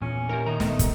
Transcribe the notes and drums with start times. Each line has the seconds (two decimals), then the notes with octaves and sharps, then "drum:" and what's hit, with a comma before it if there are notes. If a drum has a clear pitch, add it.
0.02 E2 A#2 C#4
0.29 D#4 E4 G4 A#4
0.46 D#3 D#4 E5 A#5
0.60 A3 B3, drum: snare
0.79 G#1 C3 G3, drum: kick, hi-hat